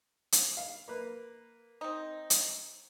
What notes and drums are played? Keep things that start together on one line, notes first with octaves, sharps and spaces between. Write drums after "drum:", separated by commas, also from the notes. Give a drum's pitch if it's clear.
drum: hi-hat
F5
A#3 B4
C4 D#4
drum: hi-hat